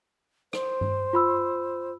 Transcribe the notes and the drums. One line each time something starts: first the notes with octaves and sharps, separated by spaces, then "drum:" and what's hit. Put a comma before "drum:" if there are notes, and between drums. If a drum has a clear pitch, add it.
C5, drum: rim click
drum: tom G2
F4 B5 E6